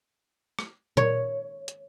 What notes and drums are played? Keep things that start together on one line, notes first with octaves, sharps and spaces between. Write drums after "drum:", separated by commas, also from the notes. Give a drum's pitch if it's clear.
drum: rim click
C#5, drum: tom A#2
drum: hi-hat